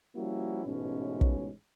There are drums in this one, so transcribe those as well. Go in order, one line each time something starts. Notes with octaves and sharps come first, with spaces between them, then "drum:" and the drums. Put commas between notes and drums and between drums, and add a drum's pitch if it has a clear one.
F3 G3 A#3 C#4 E4 F#4
A1 G#2 B2 G#3 C#4
drum: kick